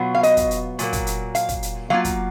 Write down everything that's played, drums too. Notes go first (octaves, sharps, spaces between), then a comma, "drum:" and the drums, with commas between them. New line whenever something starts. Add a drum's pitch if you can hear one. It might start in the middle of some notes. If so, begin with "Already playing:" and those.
Already playing: B2 F#3 B3 F4
F5
D#5, drum: hi-hat
drum: kick, hi-hat
drum: hi-hat
A#2 F#3 A#3, drum: hi-hat
drum: kick, hi-hat
drum: hi-hat
F5, drum: hi-hat
drum: kick, hi-hat
drum: hi-hat
F#3 A#3 F4 F5
drum: kick, hi-hat